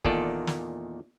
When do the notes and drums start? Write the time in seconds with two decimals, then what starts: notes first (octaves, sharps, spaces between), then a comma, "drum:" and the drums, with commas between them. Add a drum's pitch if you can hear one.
0.04 E2 A#2 D#3 F4 A4 D5, drum: kick
0.47 drum: snare